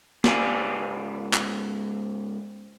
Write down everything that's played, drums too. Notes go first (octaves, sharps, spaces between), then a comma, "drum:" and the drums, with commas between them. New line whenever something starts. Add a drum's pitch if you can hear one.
C#2 G#2 G4 D5 F5 G#5, drum: snare
drum: clap